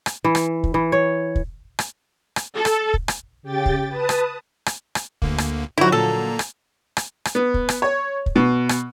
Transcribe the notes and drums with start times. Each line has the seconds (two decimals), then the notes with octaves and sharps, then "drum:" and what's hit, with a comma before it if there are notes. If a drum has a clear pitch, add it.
0.06 drum: rim click
0.24 E3
0.35 drum: rim click
0.64 drum: kick
0.74 E3
0.92 C#5
1.35 drum: kick
1.79 drum: rim click
2.36 drum: rim click
2.56 A4
2.65 drum: rim click
2.94 drum: kick
3.08 drum: rim click
3.43 C#3 G4 G5 A6
3.66 drum: kick
3.88 B4 A5 D#6
4.09 drum: rim click
4.66 drum: rim click
4.95 drum: rim click
5.22 D2 D3 A#3, drum: kick
5.38 drum: rim click
5.78 D3 F3 F#3 E4 F#4 C5 A#5
5.92 A#2 A#3 A4 A#5
6.39 drum: rim click
6.97 drum: rim click
7.25 drum: rim click
7.35 B3
7.54 drum: kick
7.69 drum: rim click
7.82 C#5
8.26 drum: kick
8.36 B2
8.69 drum: rim click